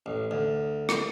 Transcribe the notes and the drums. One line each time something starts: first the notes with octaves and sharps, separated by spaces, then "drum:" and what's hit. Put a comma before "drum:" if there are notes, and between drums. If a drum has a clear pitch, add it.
A1
D2
drum: rim click